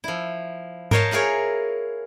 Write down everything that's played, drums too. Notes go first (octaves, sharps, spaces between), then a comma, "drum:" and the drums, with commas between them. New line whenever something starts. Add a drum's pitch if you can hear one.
F3 E4
A#4 C5 C#5 D#5 F5 A5, drum: tom G#2
E4 F4 G#4 A#4 C#5